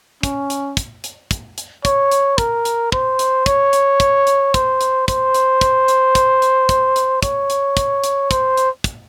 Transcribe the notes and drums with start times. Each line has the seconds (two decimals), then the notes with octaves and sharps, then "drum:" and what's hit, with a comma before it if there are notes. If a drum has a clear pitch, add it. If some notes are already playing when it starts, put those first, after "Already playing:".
0.23 C#4, drum: kick, hi-hat
0.50 drum: hi-hat
0.77 drum: kick, hi-hat
1.04 drum: hi-hat
1.31 drum: kick, hi-hat
1.58 drum: hi-hat
1.85 C#5, drum: kick, hi-hat
2.11 drum: hi-hat
2.38 A#4, drum: kick, hi-hat
2.65 drum: hi-hat
2.92 C5, drum: kick
3.19 drum: hi-hat
3.46 C#5, drum: kick, hi-hat
3.73 drum: hi-hat
4.00 drum: kick, hi-hat
4.27 drum: hi-hat
4.54 C5, drum: kick, hi-hat
4.81 drum: hi-hat
5.08 C5, drum: kick, hi-hat
5.34 drum: hi-hat
5.61 drum: kick, hi-hat
5.88 drum: hi-hat
6.15 drum: kick, hi-hat
6.42 drum: hi-hat
6.69 drum: kick, hi-hat
6.96 drum: hi-hat
7.22 C#5, drum: kick, hi-hat
7.50 drum: hi-hat
7.77 drum: kick, hi-hat
8.04 drum: hi-hat
8.31 C5, drum: kick, hi-hat
8.57 drum: hi-hat
8.84 drum: kick, hi-hat